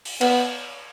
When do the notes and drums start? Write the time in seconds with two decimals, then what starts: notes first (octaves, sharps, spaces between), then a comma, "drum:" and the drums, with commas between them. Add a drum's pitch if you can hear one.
0.05 drum: open hi-hat
0.21 B3, drum: cymbal